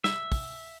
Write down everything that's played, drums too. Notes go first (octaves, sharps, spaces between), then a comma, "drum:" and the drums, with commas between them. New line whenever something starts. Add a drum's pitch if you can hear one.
E5, drum: snare
drum: kick, open hi-hat